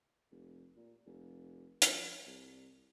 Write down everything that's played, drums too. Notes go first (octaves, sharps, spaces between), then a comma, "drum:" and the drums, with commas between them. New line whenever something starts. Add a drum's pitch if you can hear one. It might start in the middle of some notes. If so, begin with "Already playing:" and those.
F1
A#2
F1
F3, drum: hi-hat
C2